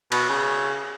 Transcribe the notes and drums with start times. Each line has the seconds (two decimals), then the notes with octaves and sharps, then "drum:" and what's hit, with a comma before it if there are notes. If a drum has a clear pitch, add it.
0.12 B2, drum: cymbal
0.29 C#3